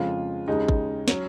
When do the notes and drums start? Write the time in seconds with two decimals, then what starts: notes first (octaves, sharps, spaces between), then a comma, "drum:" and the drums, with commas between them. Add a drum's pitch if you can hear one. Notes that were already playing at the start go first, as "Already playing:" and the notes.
Already playing: F2 C#3 F3 G#3 F4
0.48 D#2 C#3 G#3 D#4
0.68 drum: kick G#1
1.08 F#3 C#4, drum: snare